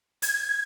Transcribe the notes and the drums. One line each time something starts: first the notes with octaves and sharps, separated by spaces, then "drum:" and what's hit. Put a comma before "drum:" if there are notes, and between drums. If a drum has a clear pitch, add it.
G#6, drum: hi-hat